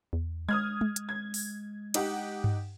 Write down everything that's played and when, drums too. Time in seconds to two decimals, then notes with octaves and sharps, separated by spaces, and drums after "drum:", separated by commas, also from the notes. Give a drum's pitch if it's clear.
0.13 E2
0.49 G#3 D#6 F6 G#6
0.81 drum: tom G#3
0.96 drum: hi-hat
1.09 G#6
1.34 drum: open hi-hat
1.94 D#4 G4 F#5, drum: cymbal
2.44 drum: tom G2